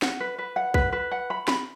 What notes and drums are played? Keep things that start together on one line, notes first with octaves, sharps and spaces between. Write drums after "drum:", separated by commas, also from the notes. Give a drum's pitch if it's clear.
F#5, drum: snare
B4
B4
F#5
B4, drum: kick B1
B4
F#5
B5
B5, drum: snare